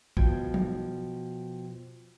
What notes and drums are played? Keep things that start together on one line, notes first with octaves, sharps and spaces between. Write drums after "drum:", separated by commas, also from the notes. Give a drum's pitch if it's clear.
B2 F3 G5 G#6, drum: kick
drum: tom